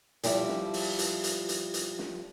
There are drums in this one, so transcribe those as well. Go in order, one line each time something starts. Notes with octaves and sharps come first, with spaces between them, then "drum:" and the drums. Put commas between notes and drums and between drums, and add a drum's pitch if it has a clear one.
F3 G3 E4, drum: hi-hat
drum: snare
drum: open hi-hat
drum: hi-hat
drum: hi-hat
drum: hi-hat
drum: hi-hat
drum: snare